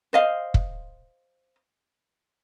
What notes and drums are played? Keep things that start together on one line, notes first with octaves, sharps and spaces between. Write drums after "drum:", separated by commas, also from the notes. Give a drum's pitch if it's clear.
C5 D#5 F5
drum: kick